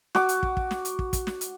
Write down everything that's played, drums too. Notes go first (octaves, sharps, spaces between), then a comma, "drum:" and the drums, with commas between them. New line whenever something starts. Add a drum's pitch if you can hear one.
F#4 D6, drum: snare
drum: hi-hat
drum: kick
drum: kick
drum: snare
drum: hi-hat
drum: kick
drum: kick, hi-hat
drum: snare
drum: hi-hat